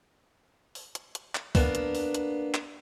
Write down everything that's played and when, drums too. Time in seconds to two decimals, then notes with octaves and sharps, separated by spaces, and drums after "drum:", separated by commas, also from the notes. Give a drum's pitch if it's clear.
0.75 drum: open hi-hat
0.95 drum: hi-hat
1.15 drum: hi-hat
1.35 drum: clap
1.55 A#3 B3 D4, drum: kick, open hi-hat
1.75 drum: hi-hat
1.95 drum: open hi-hat
2.14 drum: hi-hat
2.54 drum: clap